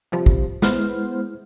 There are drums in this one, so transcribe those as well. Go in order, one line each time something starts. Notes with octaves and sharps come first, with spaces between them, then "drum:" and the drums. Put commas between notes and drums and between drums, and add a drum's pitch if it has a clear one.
C3 F3 G3
drum: kick
G#3 B3 E4 C5 F6, drum: snare